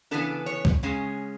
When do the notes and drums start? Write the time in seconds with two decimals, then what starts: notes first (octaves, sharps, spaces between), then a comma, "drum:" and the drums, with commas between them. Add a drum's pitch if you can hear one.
0.11 C#3 E3 B3 D4 A4
0.46 C#5
0.65 drum: kick
0.83 C#3 G#3 C#4